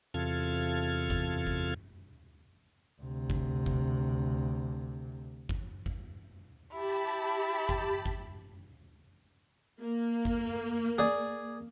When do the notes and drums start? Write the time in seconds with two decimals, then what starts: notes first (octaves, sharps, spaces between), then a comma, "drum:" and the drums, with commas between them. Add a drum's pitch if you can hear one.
0.14 E2 C3 F4 A4 F6 G#6
1.10 drum: kick G1
1.47 drum: kick G1
3.02 D2 C3
3.30 drum: kick G1
3.66 drum: kick G1
5.49 drum: kick G1
5.86 drum: kick G1
6.72 E4 G4 A5 B5
7.69 drum: kick G1
8.06 drum: kick G1
9.81 A#3
10.25 drum: kick G1
10.98 G#4 D5 G#5